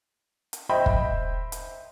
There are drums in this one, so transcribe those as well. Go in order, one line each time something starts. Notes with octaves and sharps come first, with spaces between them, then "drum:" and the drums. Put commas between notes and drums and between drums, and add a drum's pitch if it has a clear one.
drum: hi-hat
C5 D#5 E5 G5 B5
drum: kick
drum: hi-hat